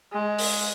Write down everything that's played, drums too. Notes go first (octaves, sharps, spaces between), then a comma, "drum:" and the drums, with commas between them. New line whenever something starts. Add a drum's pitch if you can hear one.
G#3
drum: open hi-hat